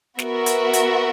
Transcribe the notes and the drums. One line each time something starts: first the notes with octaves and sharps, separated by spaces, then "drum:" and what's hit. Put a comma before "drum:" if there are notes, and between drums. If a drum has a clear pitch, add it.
B3 F#4 A#4 E5, drum: snare
drum: hi-hat
drum: hi-hat